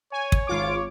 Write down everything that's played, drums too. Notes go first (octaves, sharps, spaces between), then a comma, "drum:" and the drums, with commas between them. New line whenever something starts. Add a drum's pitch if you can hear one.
C#5 G#5
drum: kick
G#1 F4 D6